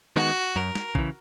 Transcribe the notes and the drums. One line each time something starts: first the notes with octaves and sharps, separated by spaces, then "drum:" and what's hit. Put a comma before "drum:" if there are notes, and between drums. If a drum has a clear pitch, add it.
D#3 G#3 B3 D#4 F#4
F#2 A#4
drum: snare
C#3 E3, drum: kick A#1